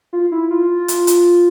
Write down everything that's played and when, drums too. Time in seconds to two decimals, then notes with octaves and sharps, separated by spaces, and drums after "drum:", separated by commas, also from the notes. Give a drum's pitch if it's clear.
0.13 F4
0.32 E4
0.51 F4
0.88 drum: hi-hat
1.07 drum: hi-hat